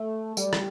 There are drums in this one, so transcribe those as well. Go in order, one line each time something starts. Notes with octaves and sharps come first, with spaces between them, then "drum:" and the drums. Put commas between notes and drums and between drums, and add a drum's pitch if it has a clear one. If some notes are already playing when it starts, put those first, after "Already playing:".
Already playing: A3
G3, drum: tambourine
drum: rim click